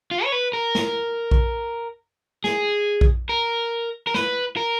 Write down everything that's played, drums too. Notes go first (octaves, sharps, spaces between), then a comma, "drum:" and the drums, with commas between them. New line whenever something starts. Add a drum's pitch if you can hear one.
F4
C#5
B4
A#4
drum: snare
drum: kick A#1
G#4, drum: snare
drum: kick A#1
A#4
A#4
B4, drum: snare
A#4